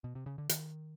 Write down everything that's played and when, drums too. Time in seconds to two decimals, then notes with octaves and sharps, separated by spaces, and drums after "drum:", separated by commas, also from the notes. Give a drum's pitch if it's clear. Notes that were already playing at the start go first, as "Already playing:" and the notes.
0.04 B2
0.15 C3
0.26 C#3
0.38 D3
0.49 D#3, drum: hi-hat